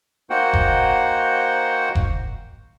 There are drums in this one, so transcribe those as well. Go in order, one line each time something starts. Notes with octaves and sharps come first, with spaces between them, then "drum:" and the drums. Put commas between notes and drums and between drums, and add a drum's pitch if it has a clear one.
A#3 D#4 F#4 C5 F#5 G5
drum: kick F1
drum: kick F1